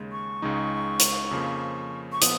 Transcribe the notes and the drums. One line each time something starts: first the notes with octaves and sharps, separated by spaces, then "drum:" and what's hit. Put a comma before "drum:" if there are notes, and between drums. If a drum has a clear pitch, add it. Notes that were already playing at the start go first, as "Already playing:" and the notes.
Already playing: D#2 C#3 G#3
C#6
C#2 C#3 G#3 D#4
drum: hi-hat
F2 C#3 F3 A#3
C#6
A#2 F3 B3 D#6, drum: hi-hat